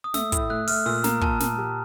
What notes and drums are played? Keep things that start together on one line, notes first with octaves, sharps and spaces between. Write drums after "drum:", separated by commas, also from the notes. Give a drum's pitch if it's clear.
D#6
A3 E6, drum: snare
A2, drum: kick, hi-hat
A3 F#6
A3 F6, drum: open hi-hat
A#2 E6
A#3 A#5, drum: snare
A#2 A5, drum: kick
A#2, drum: snare
G4